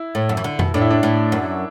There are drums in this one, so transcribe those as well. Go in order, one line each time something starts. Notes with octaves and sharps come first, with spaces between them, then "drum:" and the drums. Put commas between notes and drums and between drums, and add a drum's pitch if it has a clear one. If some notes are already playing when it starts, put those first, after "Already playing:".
Already playing: E4
A2
F#2
E3
D3
B2, drum: tom F2
A2 D4
E4
D4
A2
F#2